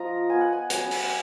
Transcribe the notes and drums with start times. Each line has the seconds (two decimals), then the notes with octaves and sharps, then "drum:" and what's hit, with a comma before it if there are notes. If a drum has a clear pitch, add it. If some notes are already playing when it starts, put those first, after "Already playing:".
Already playing: F3 F4 D#5 A#5
0.30 B3 F4 G#5
0.41 F#5
0.53 G#5
0.70 F#3 G#5, drum: hi-hat
0.91 G#5, drum: open hi-hat